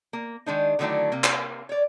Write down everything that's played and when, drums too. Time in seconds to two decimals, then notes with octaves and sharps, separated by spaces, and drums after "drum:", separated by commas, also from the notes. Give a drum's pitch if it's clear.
0.13 A#3
0.46 D#3 G#3 D4 D#4
0.79 D3 D#3 F#3 A3 D4 E4
1.12 C3 A#3
1.24 drum: clap
1.69 C#5 D5